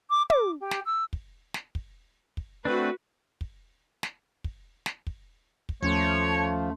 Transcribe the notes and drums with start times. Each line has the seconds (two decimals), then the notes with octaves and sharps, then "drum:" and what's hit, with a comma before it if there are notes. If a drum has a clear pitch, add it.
0.10 D6
0.30 D6, drum: tom
0.60 G4
0.71 drum: snare
0.85 E6
1.13 drum: kick
1.54 drum: snare
1.75 drum: kick
2.37 drum: kick
2.65 A3 C4 D4 F#4 B4
3.41 drum: kick
4.03 drum: snare
4.44 drum: kick
4.86 drum: snare
5.07 drum: kick
5.69 drum: kick
5.83 D#2 F3 A3 C#4 C#5 C6